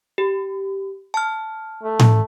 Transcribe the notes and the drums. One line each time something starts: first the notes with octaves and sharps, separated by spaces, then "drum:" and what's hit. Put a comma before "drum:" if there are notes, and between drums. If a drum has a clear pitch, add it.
G4
A5 F6
A3
drum: tom A2